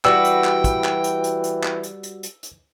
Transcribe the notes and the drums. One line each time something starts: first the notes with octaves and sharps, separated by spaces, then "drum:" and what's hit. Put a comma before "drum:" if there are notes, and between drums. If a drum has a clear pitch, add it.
E3 G3 F#4 B4 G5 E6, drum: clap
drum: hi-hat
drum: clap
drum: kick, hi-hat
drum: clap
drum: hi-hat
drum: hi-hat
drum: hi-hat
drum: clap
drum: hi-hat
drum: hi-hat
drum: hi-hat
drum: hi-hat